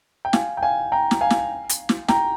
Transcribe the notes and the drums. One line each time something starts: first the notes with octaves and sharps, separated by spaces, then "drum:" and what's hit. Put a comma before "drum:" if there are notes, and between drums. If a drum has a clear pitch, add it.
G5
F5 G#5, drum: snare
G5
F5 G#5
G5 A#5
drum: snare
F5 G#5
drum: snare
drum: hi-hat
drum: snare
G5 A#5, drum: snare